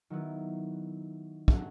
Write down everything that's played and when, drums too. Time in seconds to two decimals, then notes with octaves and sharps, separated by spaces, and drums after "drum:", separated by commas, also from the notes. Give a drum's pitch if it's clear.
0.10 D#3 F#3 B3 E4
1.48 F#3 A3 C#4 F#4 A4, drum: kick